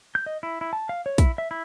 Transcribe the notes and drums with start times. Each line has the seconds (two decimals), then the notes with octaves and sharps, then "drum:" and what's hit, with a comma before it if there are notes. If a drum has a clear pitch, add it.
0.15 G6
0.26 D#5
0.43 E4
0.61 E4
0.73 A5
0.89 F5
1.06 C#5
1.18 E4, drum: kick, hi-hat
1.38 E5
1.51 E4